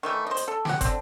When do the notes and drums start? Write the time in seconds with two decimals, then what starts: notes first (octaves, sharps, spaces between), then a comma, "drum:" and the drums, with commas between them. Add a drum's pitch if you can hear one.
0.03 D#3 E3 A3
0.27 C5 D#5
0.37 drum: hi-hat
0.48 A4
0.65 G4 F#5, drum: snare
0.81 D3 C4, drum: kick, hi-hat